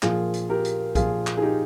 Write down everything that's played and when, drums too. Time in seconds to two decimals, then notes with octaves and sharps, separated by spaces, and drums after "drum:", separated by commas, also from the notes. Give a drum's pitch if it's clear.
0.02 A#1 A#2 F3 F4 G#4, drum: clap
0.34 drum: hi-hat
0.49 G4 A#4
0.65 drum: hi-hat
0.95 A#1 A#2 F3 F4 G#4, drum: kick B1, hi-hat
1.27 drum: clap
1.37 G#4
1.42 D#4 G4